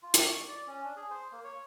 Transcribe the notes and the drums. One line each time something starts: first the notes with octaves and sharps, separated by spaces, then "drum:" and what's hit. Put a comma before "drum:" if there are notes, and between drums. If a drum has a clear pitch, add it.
F4
G4, drum: hi-hat
C#6
D5
C#4
D4
G#4
C5
A#3
C#5